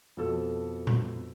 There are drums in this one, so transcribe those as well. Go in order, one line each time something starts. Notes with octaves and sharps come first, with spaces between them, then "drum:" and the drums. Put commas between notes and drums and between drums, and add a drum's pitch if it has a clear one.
F2 B2 A4 E6
drum: tom A#2